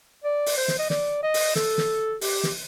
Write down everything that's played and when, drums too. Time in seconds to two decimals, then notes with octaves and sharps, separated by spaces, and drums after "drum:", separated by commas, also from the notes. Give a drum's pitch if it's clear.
0.24 D5
0.46 drum: open hi-hat
0.57 C5
0.68 drum: snare
0.79 D#5
0.90 D5, drum: snare
1.23 D#5
1.34 drum: open hi-hat
1.55 A4, drum: snare
1.78 drum: snare
2.21 G4, drum: open hi-hat
2.43 drum: snare